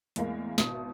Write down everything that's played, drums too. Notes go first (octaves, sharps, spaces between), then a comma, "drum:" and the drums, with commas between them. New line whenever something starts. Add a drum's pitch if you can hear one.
E2 A2 G#3 A#3 F5, drum: hi-hat
G#1 B2 E4 D#6, drum: snare